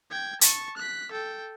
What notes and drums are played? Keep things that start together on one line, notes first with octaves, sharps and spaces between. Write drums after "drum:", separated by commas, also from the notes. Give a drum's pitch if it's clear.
G5 G#6
A5 C#6, drum: hi-hat
F#6 B6
A4 G5